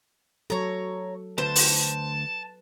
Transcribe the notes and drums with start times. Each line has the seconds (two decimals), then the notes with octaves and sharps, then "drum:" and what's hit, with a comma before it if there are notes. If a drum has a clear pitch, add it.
0.50 F#3 A4 C#5 A#5
1.38 D2 B4 C5 A5
1.55 drum: open hi-hat